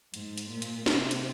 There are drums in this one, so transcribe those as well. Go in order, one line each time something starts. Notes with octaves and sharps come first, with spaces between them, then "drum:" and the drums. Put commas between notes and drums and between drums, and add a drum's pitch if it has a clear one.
G#2, drum: hi-hat
drum: hi-hat
A#2
drum: hi-hat
C3, drum: snare
drum: hi-hat